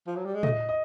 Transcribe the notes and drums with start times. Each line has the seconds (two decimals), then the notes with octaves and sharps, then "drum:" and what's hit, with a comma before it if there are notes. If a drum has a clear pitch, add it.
0.07 F3
0.16 F#3
0.25 G3
0.34 G#3
0.43 A3 D#5, drum: tom
0.69 D#5